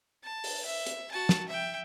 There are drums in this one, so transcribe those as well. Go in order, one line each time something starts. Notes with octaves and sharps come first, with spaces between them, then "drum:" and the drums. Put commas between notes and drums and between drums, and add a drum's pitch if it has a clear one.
A5
drum: open hi-hat
E5
drum: hi-hat
F#4 A5
drum: snare
E5 G5